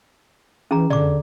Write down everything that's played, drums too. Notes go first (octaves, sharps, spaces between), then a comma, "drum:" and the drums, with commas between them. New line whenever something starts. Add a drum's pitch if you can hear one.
E3 C#4 G#4 A#5
D3 D5 D6, drum: tom